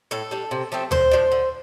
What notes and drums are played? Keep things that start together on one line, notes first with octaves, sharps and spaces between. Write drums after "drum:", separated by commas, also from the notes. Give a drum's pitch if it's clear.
A2 A4
G3 D4
C3
F3 A3 C4
D3 C5, drum: tom D2
F3 D4
D3